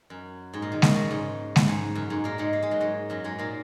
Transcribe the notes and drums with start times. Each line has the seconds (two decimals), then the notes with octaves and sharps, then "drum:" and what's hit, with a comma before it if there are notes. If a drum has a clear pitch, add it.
0.10 F#2
0.54 G#2
0.62 A#2
0.72 D#3
0.82 C#3, drum: snare G#3
0.95 A#2
1.11 G#2
1.56 drum: snare G#3
1.68 G#2
1.95 F#2
2.10 G#2
2.24 A#2 A#3
2.38 G#2 G#3
2.53 A#3
2.62 G#3
2.71 F#3
2.81 G#2 G#3
3.10 F#2 F#3
3.24 G#2 G#3
3.39 A#2 A#3